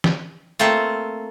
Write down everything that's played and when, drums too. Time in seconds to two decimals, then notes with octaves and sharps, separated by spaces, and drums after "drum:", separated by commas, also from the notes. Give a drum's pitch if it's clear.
0.04 drum: snare
0.59 A3 A#3 C4 F4